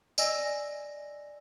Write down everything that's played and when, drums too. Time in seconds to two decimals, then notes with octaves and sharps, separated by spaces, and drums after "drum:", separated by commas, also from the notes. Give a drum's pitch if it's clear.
0.18 D5 D#5 G#5 E6 A#6, drum: tambourine